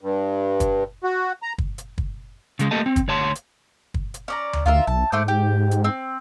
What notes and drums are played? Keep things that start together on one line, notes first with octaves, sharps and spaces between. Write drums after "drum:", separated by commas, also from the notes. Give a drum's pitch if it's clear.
G2
drum: kick, hi-hat
F#4
A#5
drum: kick
drum: hi-hat
drum: kick
C#3 G#3, drum: hi-hat
A3 A#3 G4 A4 D#5 A5
C4
drum: kick, hi-hat
D2 C#5 A5 C6
drum: hi-hat
drum: kick
drum: hi-hat
C#4 D5 A#5
drum: tom D2
D2 F4 A#4 E5
B1 A5
G#2 A3 C5 D6
G4
drum: hi-hat
C4